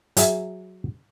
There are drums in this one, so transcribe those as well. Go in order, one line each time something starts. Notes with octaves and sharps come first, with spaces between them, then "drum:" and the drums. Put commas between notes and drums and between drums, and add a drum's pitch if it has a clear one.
F#3 G#4 E5, drum: hi-hat